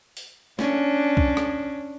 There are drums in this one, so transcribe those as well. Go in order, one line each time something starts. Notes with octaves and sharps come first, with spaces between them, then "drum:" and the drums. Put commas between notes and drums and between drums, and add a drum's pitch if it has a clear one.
drum: open hi-hat
C#4 D4, drum: snare
drum: kick C2
drum: rim click